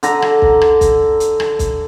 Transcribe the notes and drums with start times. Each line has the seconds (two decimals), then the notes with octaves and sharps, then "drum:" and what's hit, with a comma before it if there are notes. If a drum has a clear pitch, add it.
0.03 D3 A#5, drum: hi-hat
0.22 drum: rim click
0.42 drum: kick
0.61 drum: rim click
0.81 drum: kick, hi-hat
1.20 drum: hi-hat
1.40 drum: rim click
1.59 drum: kick, hi-hat